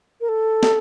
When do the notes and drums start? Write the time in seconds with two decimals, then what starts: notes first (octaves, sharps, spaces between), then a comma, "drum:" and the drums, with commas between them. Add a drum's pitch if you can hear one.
0.21 A#4
0.29 A4
0.63 drum: snare